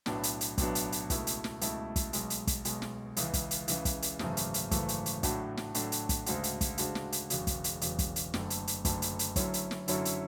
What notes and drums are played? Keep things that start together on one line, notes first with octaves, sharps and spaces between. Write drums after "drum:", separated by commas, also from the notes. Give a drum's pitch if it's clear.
B1 A2 F#3 B3 D4, drum: snare
drum: hi-hat
drum: hi-hat
B1 A2 F#3 B3 D4, drum: kick, hi-hat
drum: hi-hat
drum: hi-hat
C#2 B2 A3 E4, drum: kick, hi-hat
drum: hi-hat
drum: snare
C#2 B2 A3 E4, drum: hi-hat
drum: kick, hi-hat
B1 B2 G#3, drum: hi-hat
drum: hi-hat
drum: kick, hi-hat
B1 B2 G#3, drum: hi-hat
drum: snare
C#2 C#3 E3, drum: hi-hat
drum: kick, hi-hat
drum: hi-hat
C#2 C#3 E3, drum: hi-hat
drum: kick, hi-hat
drum: hi-hat
G#1 F#2 C#3 E3 A3, drum: snare
drum: hi-hat
drum: hi-hat
G#1 F#2 C#3 E3 A3, drum: kick, hi-hat
drum: hi-hat
drum: hi-hat
A2 F#3 A3 D4 F#4, drum: kick, hi-hat
drum: snare
A2 F#3 A3 D4 F#4, drum: hi-hat
drum: hi-hat
drum: kick, hi-hat
D2 C#3 G#3 D4 F#4, drum: hi-hat
drum: hi-hat
drum: kick, hi-hat
D2 C#3 G#3 D4 F#4, drum: hi-hat
drum: snare
drum: hi-hat
E1 E2 C#3 F#3, drum: hi-hat
drum: kick, hi-hat
drum: hi-hat
E1 E2 C#3 F#3, drum: hi-hat
drum: kick, hi-hat
drum: hi-hat
F#1 F#2 D3 A3, drum: snare
drum: hi-hat
drum: hi-hat
F#1 F#2 D3 A3, drum: kick, hi-hat
drum: hi-hat
drum: hi-hat
F#2 D3 F#3 C#4 E4, drum: kick, hi-hat
drum: hi-hat
drum: snare
F#2 D3 F#3 C#4 E4, drum: hi-hat
drum: hi-hat